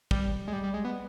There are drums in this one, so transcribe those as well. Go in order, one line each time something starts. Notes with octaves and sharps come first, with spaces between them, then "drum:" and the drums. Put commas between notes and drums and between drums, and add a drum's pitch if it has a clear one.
G3, drum: kick
G#3
G3
G3
G#3
B3